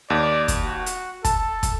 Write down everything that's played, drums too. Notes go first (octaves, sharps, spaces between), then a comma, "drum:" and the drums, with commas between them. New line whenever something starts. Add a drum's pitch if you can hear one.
D#2 D5
drum: kick, hi-hat
F#4
drum: hi-hat
A4 A5, drum: kick, hi-hat
drum: kick, hi-hat